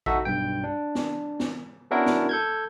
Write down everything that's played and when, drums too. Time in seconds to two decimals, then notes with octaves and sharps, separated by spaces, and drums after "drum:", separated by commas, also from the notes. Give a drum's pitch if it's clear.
0.06 D#4 F#4 A4 E5, drum: kick A#1
0.25 B1 G2 G5
0.64 D4
0.95 drum: snare
1.40 drum: snare
1.91 B3 C#4 D4 E4 F#4 A#4
2.06 drum: snare
2.29 A4 G6 G#6